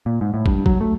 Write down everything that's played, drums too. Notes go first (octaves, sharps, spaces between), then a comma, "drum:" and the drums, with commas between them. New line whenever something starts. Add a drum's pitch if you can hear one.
A#2
G#2
A2
G2, drum: kick
F#3, drum: kick
A3